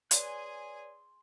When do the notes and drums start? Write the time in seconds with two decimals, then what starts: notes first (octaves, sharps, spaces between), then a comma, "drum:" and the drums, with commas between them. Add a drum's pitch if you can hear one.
0.11 G#4 B4 C#5 D5 G#5 C6 F#6, drum: hi-hat